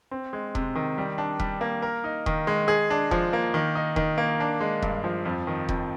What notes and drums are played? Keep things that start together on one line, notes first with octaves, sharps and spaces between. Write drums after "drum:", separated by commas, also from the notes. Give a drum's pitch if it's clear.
C4
G#3
C3, drum: kick E1
D#3
G3
D4
G3, drum: kick E1
A#3
A#4
D#4
D#3, drum: kick E1
G#3
G#4
D4
F3, drum: kick E1
A#3
D#3
D#4
D#3, drum: kick E1
A#3
D4
G#3
G2, drum: kick E1
F3
F2
D#3
F2, drum: kick E1